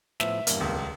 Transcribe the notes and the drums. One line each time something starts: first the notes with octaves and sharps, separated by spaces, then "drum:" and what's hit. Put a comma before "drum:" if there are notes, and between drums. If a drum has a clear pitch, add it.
A2 F3 B3 E5, drum: snare
E2 G2 A#3, drum: hi-hat
D#1 C#2